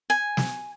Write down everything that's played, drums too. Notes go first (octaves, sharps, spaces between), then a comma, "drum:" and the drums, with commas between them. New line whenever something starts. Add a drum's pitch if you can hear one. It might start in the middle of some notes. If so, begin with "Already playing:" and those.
G#5
drum: snare